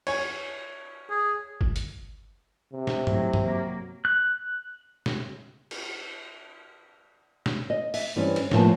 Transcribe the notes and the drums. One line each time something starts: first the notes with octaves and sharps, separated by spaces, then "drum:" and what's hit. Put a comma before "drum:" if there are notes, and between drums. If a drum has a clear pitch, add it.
C#5 G#5, drum: cymbal
G#4
drum: kick
drum: hi-hat
C3
drum: snare
A2 F#3, drum: tom G2
drum: tom G2
F#3 A#3
F#6
drum: snare
drum: cymbal
drum: snare
D#5
E5, drum: open hi-hat
G2 E3 G3 C4 C#4
drum: cymbal
A2 F3 A#3 B3 A5, drum: snare